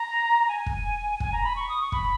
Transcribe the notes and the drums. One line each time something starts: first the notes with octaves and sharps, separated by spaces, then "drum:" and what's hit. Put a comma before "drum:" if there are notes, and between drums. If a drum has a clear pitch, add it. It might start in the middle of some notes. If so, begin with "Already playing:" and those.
Already playing: A#5
G#5
drum: kick
G#5, drum: kick
A#5
B5
C#6
D#6
C#6
B5, drum: kick